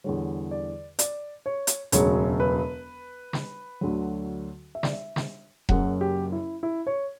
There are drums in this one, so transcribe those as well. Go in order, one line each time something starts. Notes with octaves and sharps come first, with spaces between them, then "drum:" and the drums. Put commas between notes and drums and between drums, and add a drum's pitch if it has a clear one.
E2 D3 G3 C#5
D5
D5, drum: hi-hat
C#5
drum: hi-hat
E1 D2 C#3 F#3 C#5, drum: hi-hat
B4
drum: snare
D2 D3 F#3
E5
D5, drum: snare
E5
drum: snare
F#1 F#2 C#3 F#3 F#5, drum: kick E1
G4
E4
E4
C#5